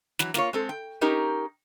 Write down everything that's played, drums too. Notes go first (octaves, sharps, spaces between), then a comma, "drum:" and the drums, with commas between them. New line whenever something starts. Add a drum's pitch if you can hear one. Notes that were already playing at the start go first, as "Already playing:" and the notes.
E3 F#3, drum: snare
A#3 F4 C#5, drum: snare
G#3 C4 A4
G5
C#4 D#4 G4 A#4